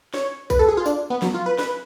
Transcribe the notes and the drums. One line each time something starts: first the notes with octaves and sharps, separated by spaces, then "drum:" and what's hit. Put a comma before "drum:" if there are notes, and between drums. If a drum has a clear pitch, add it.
C#5, drum: snare
B4, drum: kick A#1, tambourine
A4
G#4
F4
D4, drum: tambourine
B3
F#3, drum: snare
F4
B4
B4, drum: snare